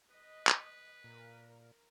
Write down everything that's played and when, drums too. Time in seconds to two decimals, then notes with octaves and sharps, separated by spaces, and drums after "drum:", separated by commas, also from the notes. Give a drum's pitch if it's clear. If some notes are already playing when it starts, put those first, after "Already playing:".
0.11 B4 D#5
0.47 drum: clap
1.04 A#2 A#4